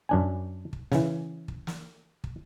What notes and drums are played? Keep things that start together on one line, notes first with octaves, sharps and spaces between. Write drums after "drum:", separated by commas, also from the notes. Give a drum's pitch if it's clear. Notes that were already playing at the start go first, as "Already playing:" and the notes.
F#2 D4 G#5
drum: kick
C#3 E3, drum: snare
drum: kick
drum: snare
drum: kick